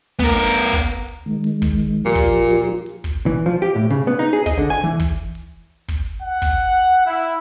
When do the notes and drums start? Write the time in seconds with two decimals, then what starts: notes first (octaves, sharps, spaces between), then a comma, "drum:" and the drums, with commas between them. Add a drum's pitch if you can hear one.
0.20 B3 A#4, drum: kick
0.37 drum: hi-hat
0.73 drum: kick, hi-hat
1.08 drum: hi-hat
1.26 D#3 G#3
1.44 drum: hi-hat
1.62 drum: kick
1.80 drum: hi-hat
2.06 A#2 F3 F4 G4
2.15 drum: kick
2.51 drum: hi-hat
2.86 drum: hi-hat
3.04 drum: kick
3.26 E3
3.46 F3
3.62 G4
3.75 A2
3.90 C#3, drum: hi-hat
4.07 B3
4.19 D#4
4.33 G#4
4.46 D#5, drum: kick
4.58 D3
4.70 G#5
4.84 E3
5.00 drum: kick, hi-hat
5.35 drum: hi-hat
5.88 drum: kick
6.06 drum: hi-hat
6.22 F#5
6.42 drum: kick, hi-hat
6.77 drum: hi-hat
7.05 E4